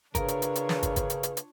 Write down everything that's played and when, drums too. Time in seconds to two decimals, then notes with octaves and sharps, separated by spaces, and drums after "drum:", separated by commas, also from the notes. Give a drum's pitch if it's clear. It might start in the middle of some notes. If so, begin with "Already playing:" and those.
0.15 C#3 D4 F4 A#4 B4 C#5, drum: kick, hi-hat
0.28 drum: hi-hat
0.42 drum: hi-hat
0.55 drum: hi-hat
0.69 drum: snare
0.83 drum: kick, hi-hat
0.96 drum: kick, hi-hat
1.10 drum: hi-hat
1.23 drum: hi-hat
1.37 drum: hi-hat